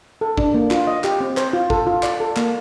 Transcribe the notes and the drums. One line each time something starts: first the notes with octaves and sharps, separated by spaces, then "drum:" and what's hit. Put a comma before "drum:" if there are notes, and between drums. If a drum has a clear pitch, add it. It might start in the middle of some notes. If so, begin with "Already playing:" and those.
A4
D4, drum: kick
A#3
F4, drum: clap
D#5
G4, drum: clap
C4
C5, drum: clap
F4
A4, drum: kick
F4
D5, drum: clap
A4
A#3, drum: clap